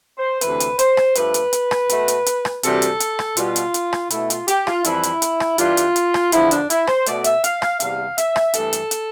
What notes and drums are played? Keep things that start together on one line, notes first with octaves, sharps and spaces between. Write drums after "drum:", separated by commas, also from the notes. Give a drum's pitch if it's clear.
C5
D2 C3 E3 A3 B4, drum: hi-hat
drum: hi-hat
C5, drum: hi-hat
drum: rim click
G2 F3 A3 B4, drum: hi-hat
drum: hi-hat
drum: hi-hat
drum: rim click
B2 A3, drum: hi-hat
drum: hi-hat
drum: hi-hat
drum: rim click
D2 C3 E3 G3 A4, drum: hi-hat
drum: hi-hat
drum: hi-hat
drum: rim click
B2 G3 F4, drum: hi-hat
drum: hi-hat
drum: hi-hat
drum: rim click
B2 A3 E4, drum: hi-hat
F4, drum: hi-hat
G4, drum: hi-hat
F4, drum: rim click
F2 E3 G3 E4, drum: hi-hat
drum: hi-hat
drum: hi-hat
drum: rim click
G2 E3 G3 F4, drum: hi-hat
drum: hi-hat
drum: hi-hat
drum: rim click
E2 D3 F3 E4, drum: hi-hat
D4, drum: hi-hat
E4, drum: hi-hat
C5, drum: rim click
B2 A3 D5, drum: hi-hat
E5, drum: hi-hat
F5, drum: hi-hat
F5, drum: rim click
E2 C3 G3 F5, drum: hi-hat
E5, drum: hi-hat
drum: rim click
G2 E3 A3 A4, drum: hi-hat
drum: hi-hat
drum: hi-hat